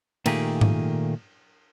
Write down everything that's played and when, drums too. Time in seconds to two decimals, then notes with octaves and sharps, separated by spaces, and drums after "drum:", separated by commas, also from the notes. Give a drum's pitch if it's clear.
0.26 A#2 D#3 A3 A#3 G4 G#4, drum: cymbal
0.61 drum: tom G#2